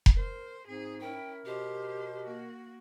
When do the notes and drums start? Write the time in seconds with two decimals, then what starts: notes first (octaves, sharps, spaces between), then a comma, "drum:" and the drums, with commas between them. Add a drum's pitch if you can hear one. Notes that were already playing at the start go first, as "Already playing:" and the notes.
0.06 drum: kick F1
0.15 A#4 C5
0.68 G#2 C4 G#4
1.01 C#4 E4 A#4 G5
1.46 B2 G4 C5
2.25 A#3 F#4